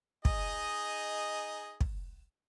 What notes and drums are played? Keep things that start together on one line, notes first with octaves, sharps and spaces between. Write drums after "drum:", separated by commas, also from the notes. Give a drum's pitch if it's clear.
D#4 G#4 D#5, drum: kick
drum: kick